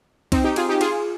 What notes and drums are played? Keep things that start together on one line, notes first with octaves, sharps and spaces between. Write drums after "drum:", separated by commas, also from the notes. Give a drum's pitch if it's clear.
C4 D#4, drum: kick C2, cymbal
D#4 G4
F4 G#4, drum: cymbal
D#4 G4
F4 G#4, drum: cymbal